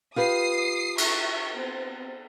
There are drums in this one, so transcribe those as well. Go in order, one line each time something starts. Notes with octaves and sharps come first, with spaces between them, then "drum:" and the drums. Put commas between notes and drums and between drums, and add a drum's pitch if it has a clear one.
F4 G4 B4 D#6 C7
E5 C#6, drum: cymbal
B3 C4